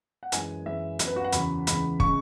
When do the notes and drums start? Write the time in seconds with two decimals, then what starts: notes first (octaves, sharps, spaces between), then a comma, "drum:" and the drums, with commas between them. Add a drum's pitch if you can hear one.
0.23 F#5
0.32 F#2 E3 G#3 G#5, drum: hi-hat
0.66 F#2 E3 G#3 E5
0.99 F#2 F#3, drum: hi-hat
1.07 B4
1.16 F#4
1.25 F#5
1.32 E2 C#3 F#3 B5, drum: hi-hat
1.67 E2 C#3 G#3 B5, drum: hi-hat
2.00 C#3 G#3 C#6, drum: kick